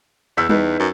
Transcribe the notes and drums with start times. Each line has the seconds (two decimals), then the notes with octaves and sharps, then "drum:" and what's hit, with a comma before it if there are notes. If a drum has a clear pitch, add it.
0.37 E2 E6 G6 B6
0.49 E2 D#4 B4, drum: tom G3
0.79 F#2